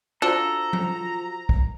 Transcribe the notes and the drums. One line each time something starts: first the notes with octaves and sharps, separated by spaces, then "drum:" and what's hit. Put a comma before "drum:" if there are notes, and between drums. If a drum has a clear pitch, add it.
D4 F4 F#4 A4 C5 A#5
drum: tom F3
drum: kick